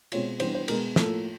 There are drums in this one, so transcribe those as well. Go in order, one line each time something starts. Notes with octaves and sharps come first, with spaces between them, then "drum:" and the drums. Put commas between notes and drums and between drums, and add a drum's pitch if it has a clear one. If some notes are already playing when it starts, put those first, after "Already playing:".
B2 G#3 C4 F4 C#5, drum: cymbal
E3 G3 B3 D4 C5, drum: cymbal
C5
B2 G#3 B3 A#4, drum: cymbal
A2 F3 A#3 A4, drum: snare